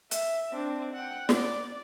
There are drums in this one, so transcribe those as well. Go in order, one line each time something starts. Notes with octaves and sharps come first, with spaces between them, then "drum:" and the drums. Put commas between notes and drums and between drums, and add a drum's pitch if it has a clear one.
E5, drum: hi-hat
C4 D4
F#5 G5
D5, drum: snare